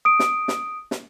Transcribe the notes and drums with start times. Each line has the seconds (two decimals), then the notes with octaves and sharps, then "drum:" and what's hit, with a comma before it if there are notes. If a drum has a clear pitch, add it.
0.05 D#6 D7
0.19 drum: snare
0.48 drum: snare
0.91 drum: snare